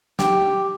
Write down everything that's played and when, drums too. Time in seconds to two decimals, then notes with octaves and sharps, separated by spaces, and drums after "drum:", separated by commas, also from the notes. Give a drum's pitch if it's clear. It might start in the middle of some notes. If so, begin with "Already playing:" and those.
0.19 G4, drum: snare